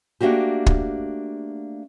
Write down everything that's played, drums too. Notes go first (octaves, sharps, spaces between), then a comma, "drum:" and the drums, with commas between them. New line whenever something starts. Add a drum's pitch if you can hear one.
A3 A#3 D4 F#4 G4
drum: kick